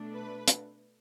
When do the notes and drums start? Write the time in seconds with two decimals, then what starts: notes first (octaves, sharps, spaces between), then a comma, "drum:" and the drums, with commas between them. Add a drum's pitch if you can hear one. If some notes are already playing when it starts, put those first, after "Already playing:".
Already playing: B2 A3 D4
0.13 B4
0.48 drum: hi-hat